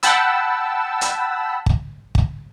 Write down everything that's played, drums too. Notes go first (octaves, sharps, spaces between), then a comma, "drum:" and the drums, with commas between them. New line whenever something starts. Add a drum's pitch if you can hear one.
F#5 G5 A5 B5 E6, drum: hi-hat
drum: hi-hat
drum: kick
drum: kick